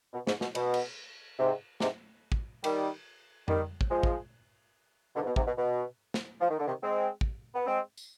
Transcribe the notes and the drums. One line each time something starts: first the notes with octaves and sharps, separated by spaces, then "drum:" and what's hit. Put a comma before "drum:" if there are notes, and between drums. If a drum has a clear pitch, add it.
B2
G#2, drum: snare
B2, drum: snare
B2, drum: cymbal
drum: cymbal
G#2 C3
G#2 C3, drum: snare
drum: kick
D#3 G3, drum: cymbal
D#3 G3, drum: tom F2
drum: kick
F3 G#3
drum: kick
B2 D3
G#2
B2
G#2 C3, drum: kick
B2
B2
drum: snare
F3
D#3
D3
C3 D#3
G#3 C4
drum: kick
B3
G#3 C4
drum: tambourine